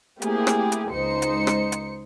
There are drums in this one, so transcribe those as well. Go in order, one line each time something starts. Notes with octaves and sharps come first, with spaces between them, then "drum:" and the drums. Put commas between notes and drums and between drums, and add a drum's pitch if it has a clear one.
A3 A#3 C4 E4 G4 G#4, drum: hi-hat
drum: rim click
drum: hi-hat
C#2 D#4 C5 C#7
drum: hi-hat
drum: rim click
drum: hi-hat